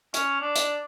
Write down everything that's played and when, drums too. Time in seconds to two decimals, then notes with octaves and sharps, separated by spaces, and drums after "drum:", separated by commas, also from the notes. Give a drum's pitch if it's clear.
0.14 C#4, drum: hi-hat
0.41 D4
0.56 drum: hi-hat